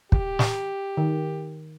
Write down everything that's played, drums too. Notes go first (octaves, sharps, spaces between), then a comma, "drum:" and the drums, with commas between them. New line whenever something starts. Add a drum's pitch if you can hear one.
G4, drum: kick
drum: snare
D#3